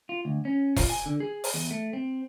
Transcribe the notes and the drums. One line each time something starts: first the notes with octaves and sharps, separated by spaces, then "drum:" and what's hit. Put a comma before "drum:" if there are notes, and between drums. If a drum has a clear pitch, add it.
F4
D2
C#4
F4, drum: kick E1, open hi-hat
G#5
D3
G#4
drum: open hi-hat
E2
A3
C4